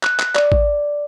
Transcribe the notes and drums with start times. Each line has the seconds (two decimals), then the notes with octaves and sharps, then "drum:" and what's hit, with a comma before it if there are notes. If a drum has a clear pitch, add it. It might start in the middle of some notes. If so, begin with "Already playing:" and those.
0.03 F#6, drum: clap
0.19 drum: clap
0.35 D5, drum: clap
0.52 drum: kick A1